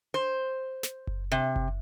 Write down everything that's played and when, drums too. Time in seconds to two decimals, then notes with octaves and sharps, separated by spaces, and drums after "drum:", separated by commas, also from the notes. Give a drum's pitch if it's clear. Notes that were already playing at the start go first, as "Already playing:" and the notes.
0.14 C5
0.83 drum: snare
1.07 drum: kick F#1
1.32 C3
1.56 drum: kick F#1